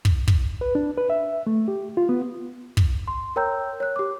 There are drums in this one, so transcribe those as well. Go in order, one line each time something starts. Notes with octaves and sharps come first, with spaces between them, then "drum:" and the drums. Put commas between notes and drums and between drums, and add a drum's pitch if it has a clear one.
drum: kick
drum: kick
B4
D4
B4
E5
A3
G4
F4
B3
drum: kick
C6
A#4 C#5 G5 A#5 E6 G6
C#5 F#6
G4 D6